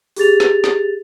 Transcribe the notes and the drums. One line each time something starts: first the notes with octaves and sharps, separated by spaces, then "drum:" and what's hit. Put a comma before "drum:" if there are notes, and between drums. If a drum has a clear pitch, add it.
G4 G#4 A6 F7, drum: open hi-hat
drum: snare
drum: snare